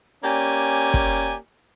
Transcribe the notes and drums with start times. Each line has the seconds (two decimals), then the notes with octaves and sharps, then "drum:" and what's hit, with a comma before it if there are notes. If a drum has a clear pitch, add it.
0.24 A#3 C#4 G4 D5 G#5
0.94 drum: kick